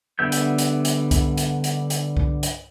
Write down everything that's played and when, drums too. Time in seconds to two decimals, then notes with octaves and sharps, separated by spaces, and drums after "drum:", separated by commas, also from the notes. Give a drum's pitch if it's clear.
0.19 D3 G3 B3 E5 G6
0.32 drum: hi-hat
0.58 drum: hi-hat
0.85 drum: hi-hat
1.11 drum: kick C2, hi-hat
1.37 drum: hi-hat
1.64 drum: hi-hat
1.90 drum: hi-hat
2.17 drum: kick C2
2.43 drum: hi-hat